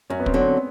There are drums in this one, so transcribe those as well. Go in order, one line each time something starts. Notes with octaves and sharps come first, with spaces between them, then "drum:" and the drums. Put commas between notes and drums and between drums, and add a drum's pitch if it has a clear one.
F#2 C#4
B3
C4, drum: kick
D3 F#3 B3
C4